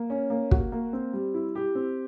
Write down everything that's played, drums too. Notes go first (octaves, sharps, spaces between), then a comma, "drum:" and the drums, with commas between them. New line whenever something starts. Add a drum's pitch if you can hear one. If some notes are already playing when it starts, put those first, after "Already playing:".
Already playing: A#3
C#4
A#3
F#4, drum: kick
A#3
C4
G3
E4
G4
C4